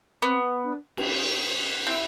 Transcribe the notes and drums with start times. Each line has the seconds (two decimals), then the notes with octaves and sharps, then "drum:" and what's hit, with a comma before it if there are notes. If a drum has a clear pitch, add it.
0.22 B3 C4
0.63 D4
0.97 drum: cymbal
1.85 C4 E4